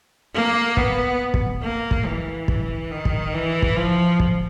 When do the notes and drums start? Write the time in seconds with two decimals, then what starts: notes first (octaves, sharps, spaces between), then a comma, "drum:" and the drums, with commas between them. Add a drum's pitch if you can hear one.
0.34 A#3
0.77 B3, drum: kick
1.34 drum: kick
1.62 A#3
1.91 drum: kick
2.06 E3
2.48 drum: kick
2.91 D#3
3.05 drum: kick
3.34 E3
3.62 drum: kick
3.77 F3
4.20 drum: kick